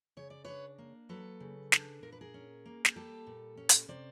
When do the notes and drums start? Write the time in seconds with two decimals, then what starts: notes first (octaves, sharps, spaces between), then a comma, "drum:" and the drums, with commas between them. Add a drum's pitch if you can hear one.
0.17 C#3 C#5
0.30 D5
0.44 D4 B4 C#5
0.78 A#3
1.09 F#3 A4 B4
1.40 C#3
1.72 D4, drum: snare
2.02 A#2 A#4
2.12 B4
2.21 G#4 A#4
2.34 C#4
2.66 A#3
2.85 A#4, drum: snare
2.96 G3 G4 A4
3.27 A#2
3.57 C#4
3.69 drum: hi-hat
3.88 C3 C5 D5